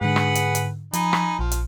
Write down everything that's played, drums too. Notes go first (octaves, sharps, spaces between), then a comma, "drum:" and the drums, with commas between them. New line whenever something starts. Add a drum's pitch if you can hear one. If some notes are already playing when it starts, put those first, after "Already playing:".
G#2 D3 G#4 B4 F#5
drum: rim click
drum: hi-hat
drum: hi-hat
F3 D#4 G#5 B5, drum: hi-hat
drum: rim click
A#1 F3
drum: hi-hat